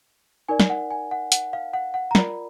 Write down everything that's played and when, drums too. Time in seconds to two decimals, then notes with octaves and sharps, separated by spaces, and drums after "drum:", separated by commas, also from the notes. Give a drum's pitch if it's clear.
0.49 D#4 A#4 D5 G#5
0.60 drum: snare
0.70 F#5
0.91 G#5
1.11 F#5
1.32 F#5, drum: hi-hat
1.53 F5
1.74 F#5
1.94 F#5
2.11 A#5
2.15 F4 A#4 D5 B5, drum: snare